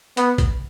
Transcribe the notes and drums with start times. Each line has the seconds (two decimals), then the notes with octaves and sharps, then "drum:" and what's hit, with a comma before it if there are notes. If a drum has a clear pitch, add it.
0.17 B3, drum: hi-hat
0.38 drum: kick A#1, hi-hat